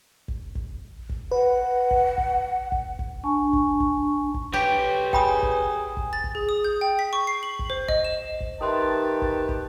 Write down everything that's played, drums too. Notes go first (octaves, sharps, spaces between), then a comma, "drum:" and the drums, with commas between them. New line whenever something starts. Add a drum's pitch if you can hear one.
drum: kick
drum: kick
drum: kick
B4 F#5
drum: kick
drum: kick
drum: kick
drum: kick
D4 G#5 A5 C#6
drum: kick
drum: kick
drum: kick
G4 B4 C#5
G#4 G5 B5 D#6, drum: kick
drum: kick
drum: kick
A6
drum: kick
G#4
D#6
G6
G5
B6
C#6
C7
F#7
drum: kick
C5
D#5, drum: kick
E7
drum: kick
D#3 G4 B4 E5 A5 C6 D#6
drum: kick
drum: kick